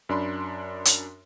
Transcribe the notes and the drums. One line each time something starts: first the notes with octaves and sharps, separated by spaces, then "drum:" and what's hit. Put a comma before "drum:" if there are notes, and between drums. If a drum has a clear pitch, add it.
F#2 D4 B5 C6
drum: hi-hat